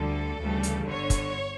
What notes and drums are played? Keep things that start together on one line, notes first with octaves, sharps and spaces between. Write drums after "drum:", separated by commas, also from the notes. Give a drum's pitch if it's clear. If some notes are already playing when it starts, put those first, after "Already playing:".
Already playing: D2 D3 G3 A4
D2 C#3 E3 G3
drum: hi-hat
G1 G2 D3 C#5
drum: kick, hi-hat